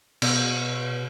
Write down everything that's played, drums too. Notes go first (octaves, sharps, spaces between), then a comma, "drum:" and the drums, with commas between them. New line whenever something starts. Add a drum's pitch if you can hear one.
B2, drum: cymbal